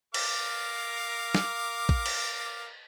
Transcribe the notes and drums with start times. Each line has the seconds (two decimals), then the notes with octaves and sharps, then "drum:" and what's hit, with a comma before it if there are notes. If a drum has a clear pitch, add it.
0.14 A#4 F5 D6, drum: cymbal
1.35 drum: snare
1.89 drum: kick
2.06 drum: cymbal